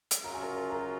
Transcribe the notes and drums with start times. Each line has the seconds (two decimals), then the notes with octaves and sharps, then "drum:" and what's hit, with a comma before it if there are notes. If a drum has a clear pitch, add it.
0.11 drum: hi-hat
0.24 F#2 C#3 F#3 C#4 F4 A#5
0.34 G#5
0.43 A#4 A#5
0.70 A#4 A#5